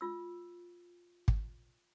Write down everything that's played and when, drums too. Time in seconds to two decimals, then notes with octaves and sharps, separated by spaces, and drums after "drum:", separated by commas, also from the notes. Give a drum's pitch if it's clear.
0.01 F4 E6
1.28 drum: kick